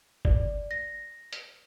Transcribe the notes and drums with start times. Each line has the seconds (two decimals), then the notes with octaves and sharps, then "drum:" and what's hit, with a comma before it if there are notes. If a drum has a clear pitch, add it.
0.25 D5, drum: kick F#1
0.71 A#6
1.33 drum: hi-hat